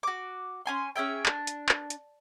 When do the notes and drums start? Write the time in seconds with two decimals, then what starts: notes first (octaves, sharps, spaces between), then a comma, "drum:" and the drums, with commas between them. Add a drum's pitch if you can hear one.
0.03 F#4 D6
0.66 C#4 G#5 C6
0.96 C#4 G#4 E5 G5
1.26 D4, drum: clap
1.47 drum: hi-hat
1.69 drum: clap
1.90 drum: hi-hat